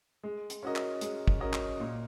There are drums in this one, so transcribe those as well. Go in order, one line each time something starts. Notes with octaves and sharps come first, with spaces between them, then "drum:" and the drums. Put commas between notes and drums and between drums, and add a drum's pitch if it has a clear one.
G#3
drum: hi-hat
C#4 F#4 A#4 D#5
drum: clap
G#3, drum: hi-hat
drum: kick
C#4 F#4 A#4 D#5
drum: clap
A#2